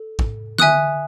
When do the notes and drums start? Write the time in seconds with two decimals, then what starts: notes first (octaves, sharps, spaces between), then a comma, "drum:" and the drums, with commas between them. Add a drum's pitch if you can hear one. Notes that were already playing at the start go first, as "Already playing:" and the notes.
Already playing: A4
0.19 drum: kick
0.59 E5 G#5 D#6 F#6, drum: tom D3